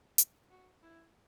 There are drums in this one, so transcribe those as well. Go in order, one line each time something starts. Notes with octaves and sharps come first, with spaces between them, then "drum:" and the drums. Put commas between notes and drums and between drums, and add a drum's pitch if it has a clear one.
drum: hi-hat
F#4
E4